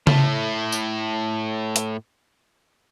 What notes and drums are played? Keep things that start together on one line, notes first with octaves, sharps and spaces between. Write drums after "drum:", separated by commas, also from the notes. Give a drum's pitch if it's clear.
A2 A3, drum: tom C#3
drum: tambourine
drum: hi-hat